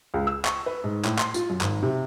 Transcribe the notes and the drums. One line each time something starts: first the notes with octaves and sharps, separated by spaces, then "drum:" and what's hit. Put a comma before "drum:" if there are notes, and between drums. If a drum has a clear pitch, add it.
C#2
E6
C#6, drum: clap
B4
G#2
A2, drum: clap
C6, drum: clap
F4, drum: tambourine
F#2
G#1, drum: clap
C3